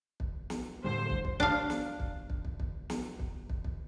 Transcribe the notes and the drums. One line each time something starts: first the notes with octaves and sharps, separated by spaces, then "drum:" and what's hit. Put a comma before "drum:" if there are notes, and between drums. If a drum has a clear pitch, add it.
drum: kick
drum: snare
A2 D3 G3 C5
drum: kick
drum: kick
D4 F5, drum: kick
drum: snare
drum: kick
drum: kick
drum: kick
drum: kick
drum: snare
drum: kick
drum: kick
drum: kick